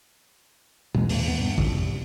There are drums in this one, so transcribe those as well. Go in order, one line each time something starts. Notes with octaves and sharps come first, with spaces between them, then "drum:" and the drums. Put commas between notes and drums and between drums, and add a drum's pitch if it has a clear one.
D#2 E3 G#3, drum: tom
D#2, drum: open hi-hat
B3
G2
E1 F2 A2 D3, drum: kick
C3